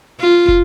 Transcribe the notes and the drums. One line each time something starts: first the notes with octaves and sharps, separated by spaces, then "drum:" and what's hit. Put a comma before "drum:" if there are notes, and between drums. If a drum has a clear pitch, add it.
F4
drum: kick